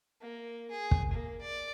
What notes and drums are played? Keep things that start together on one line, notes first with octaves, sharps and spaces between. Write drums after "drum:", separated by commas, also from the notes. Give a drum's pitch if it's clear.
A#3
G#4
drum: kick
A#3
D5